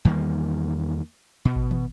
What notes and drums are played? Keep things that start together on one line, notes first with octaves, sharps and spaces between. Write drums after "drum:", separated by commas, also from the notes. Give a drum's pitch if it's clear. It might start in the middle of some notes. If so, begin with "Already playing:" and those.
E2 D#3 G3 A#3
B2
drum: kick G#1
drum: tom